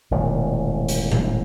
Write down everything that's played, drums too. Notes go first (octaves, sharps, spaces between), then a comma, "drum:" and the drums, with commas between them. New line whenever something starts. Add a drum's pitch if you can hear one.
E1 A1 A#2 D#3
drum: hi-hat
drum: tom A2